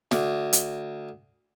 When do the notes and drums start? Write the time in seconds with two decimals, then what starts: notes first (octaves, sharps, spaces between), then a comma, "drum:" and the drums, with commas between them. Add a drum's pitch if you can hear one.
0.11 D2, drum: snare
0.53 drum: hi-hat